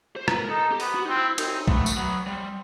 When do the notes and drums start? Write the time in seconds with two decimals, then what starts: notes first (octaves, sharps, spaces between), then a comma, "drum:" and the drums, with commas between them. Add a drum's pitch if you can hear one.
0.16 C5
0.28 B4, drum: rim click
0.39 A#4
0.50 D#4 A4
0.71 G4
0.80 B3, drum: open hi-hat
0.95 F#4
1.05 C4 D#4
1.16 E4
1.38 C4 D#4, drum: cymbal
1.68 A3 B3, drum: kick A#1
1.86 drum: tambourine
1.97 F#3 B3
2.26 G3 C4